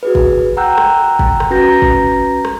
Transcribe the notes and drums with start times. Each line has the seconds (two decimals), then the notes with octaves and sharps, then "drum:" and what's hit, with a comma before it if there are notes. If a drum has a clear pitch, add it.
0.03 F#4 G#4 B4
0.15 drum: kick
0.57 F#5 G5 A#5 E6 F#6 G6
0.78 drum: rim click
1.19 drum: kick
1.40 drum: rim click
1.50 C#4 F#4 B4 A#5 G6 A#6
1.82 drum: kick
2.45 drum: rim click